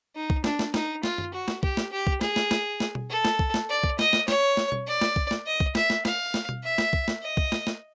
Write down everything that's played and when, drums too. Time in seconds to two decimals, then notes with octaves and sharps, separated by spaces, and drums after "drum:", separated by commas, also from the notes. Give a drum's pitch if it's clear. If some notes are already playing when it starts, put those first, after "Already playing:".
0.16 D#4
0.30 drum: kick
0.44 D4, drum: snare
0.59 drum: snare
0.74 D#4, drum: snare
1.03 F4, drum: snare
1.18 drum: tom F#2
1.34 F#4
1.48 drum: snare
1.63 G4, drum: kick
1.77 drum: snare
1.92 G4
2.07 drum: kick
2.21 G#4, drum: snare
2.36 drum: snare
2.51 drum: snare
2.80 drum: snare
2.95 drum: tom B2
3.10 A4
3.25 drum: snare
3.39 drum: kick
3.54 drum: snare
3.69 D5
3.84 drum: kick
3.99 D#5, drum: snare
4.13 drum: snare
4.28 C#5, drum: snare
4.57 drum: snare
4.72 drum: tom B2
4.87 D5
5.01 drum: snare
5.16 drum: kick
5.31 drum: snare
5.46 D#5
5.60 drum: kick
5.75 E5, drum: snare
5.90 drum: snare
6.05 F5, drum: snare
6.34 drum: snare
6.49 drum: tom B2
6.64 E5
6.78 drum: snare
6.93 drum: kick
7.08 drum: snare
7.22 D#5
7.37 drum: kick
7.52 drum: snare
7.67 drum: snare